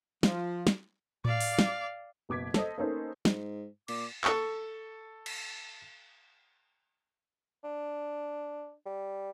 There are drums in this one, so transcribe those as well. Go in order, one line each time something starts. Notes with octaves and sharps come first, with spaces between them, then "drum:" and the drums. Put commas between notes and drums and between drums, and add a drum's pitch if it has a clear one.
F3, drum: snare
drum: snare
D5 F5, drum: tom A2
drum: open hi-hat
drum: snare
F#1 B2 D6 G#6 B6
A4 C5 D#5, drum: snare
A#3 B3 C#4 D#4 A4 C5
G#2, drum: snare
A#2 D6, drum: cymbal
A4 C#6, drum: clap
drum: cymbal
D4
G3